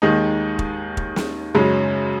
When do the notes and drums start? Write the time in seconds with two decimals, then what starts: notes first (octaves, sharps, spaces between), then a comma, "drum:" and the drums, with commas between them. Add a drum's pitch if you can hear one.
0.02 D#2 D#3 G#3 D#4
0.59 drum: kick
0.97 drum: kick
1.16 drum: snare
1.55 F#2 C#3 G#3 C#4